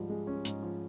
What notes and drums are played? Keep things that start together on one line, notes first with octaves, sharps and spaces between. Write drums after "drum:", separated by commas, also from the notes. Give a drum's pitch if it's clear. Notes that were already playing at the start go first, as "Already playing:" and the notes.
Already playing: G#2 F3 G3
G#3
C#4
G#2, drum: hi-hat
F3